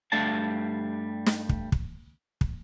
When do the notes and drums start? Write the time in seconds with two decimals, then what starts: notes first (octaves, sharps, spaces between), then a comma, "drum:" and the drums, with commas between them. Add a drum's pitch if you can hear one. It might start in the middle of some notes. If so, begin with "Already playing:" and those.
0.12 G2 G3 A3 D4 F5 A5
1.26 drum: snare
1.49 drum: kick
1.72 drum: kick
2.41 drum: kick